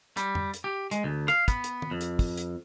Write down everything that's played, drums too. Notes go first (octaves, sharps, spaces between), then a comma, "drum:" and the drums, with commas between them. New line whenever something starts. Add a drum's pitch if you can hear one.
G3, drum: hi-hat
drum: tom F2
drum: hi-hat
G4
G#3, drum: hi-hat
D2
F5, drum: rim click
B3, drum: kick, hi-hat
drum: hi-hat
drum: tom
F2
drum: hi-hat
drum: kick, open hi-hat
drum: hi-hat